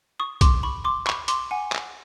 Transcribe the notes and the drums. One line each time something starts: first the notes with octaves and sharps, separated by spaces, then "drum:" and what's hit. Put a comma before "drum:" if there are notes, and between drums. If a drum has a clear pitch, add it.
C#6 D#6
C6 D6, drum: kick, hi-hat
B5 C#6
C6 D6
B5 C#6, drum: clap
C6 D6, drum: hi-hat
F#5 G#5
drum: clap